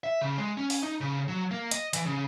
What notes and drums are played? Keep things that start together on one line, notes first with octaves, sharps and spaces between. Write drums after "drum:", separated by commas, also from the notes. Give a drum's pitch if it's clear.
E5
C#3
G#3
C#4
drum: open hi-hat
D#4
C#3
F#3
A#3
D#5, drum: hi-hat
E3, drum: hi-hat
C#3